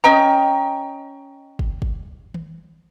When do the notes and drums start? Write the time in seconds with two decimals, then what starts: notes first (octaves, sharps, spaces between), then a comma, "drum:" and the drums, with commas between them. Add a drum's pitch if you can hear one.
0.04 C#4 D#5 G5 A#5
1.59 drum: kick
1.82 drum: kick
2.34 drum: tom D#3